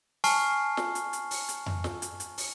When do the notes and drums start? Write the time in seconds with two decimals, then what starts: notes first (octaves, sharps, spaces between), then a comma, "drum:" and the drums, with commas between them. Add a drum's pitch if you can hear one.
0.24 G#5 A5 C#6 F6 C7, drum: open hi-hat
0.77 drum: snare
0.95 drum: hi-hat
1.13 drum: hi-hat
1.31 drum: open hi-hat
1.49 drum: hi-hat
1.66 drum: tom F2
1.84 drum: snare
2.02 drum: hi-hat
2.20 drum: hi-hat
2.38 drum: open hi-hat